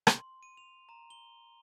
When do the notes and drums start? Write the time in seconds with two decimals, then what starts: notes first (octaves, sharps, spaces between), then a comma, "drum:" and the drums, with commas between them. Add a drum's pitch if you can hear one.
0.07 C6, drum: rim click
0.43 D#7
0.57 F7
0.89 A#5
1.10 G7